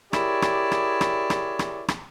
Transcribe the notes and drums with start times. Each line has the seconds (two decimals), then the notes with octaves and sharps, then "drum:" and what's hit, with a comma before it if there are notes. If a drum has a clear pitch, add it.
0.13 E4 G4 G#4 A#4 C#5 D5, drum: rim click
0.42 drum: rim click
0.72 drum: rim click
1.01 drum: rim click
1.30 drum: rim click
1.59 drum: rim click
1.88 drum: rim click